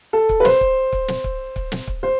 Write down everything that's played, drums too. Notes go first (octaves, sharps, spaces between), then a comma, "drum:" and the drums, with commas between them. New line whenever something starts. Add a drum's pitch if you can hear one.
A4
drum: kick C#1
B4
C5, drum: snare
drum: kick C#1
drum: kick C#1
drum: snare
drum: kick C#1
drum: kick C#1
drum: snare
drum: kick C#1
C5